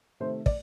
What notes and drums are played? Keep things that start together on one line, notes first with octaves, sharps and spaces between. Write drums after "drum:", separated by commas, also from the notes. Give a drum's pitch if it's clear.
C3 D#3 A3 C5
D5, drum: kick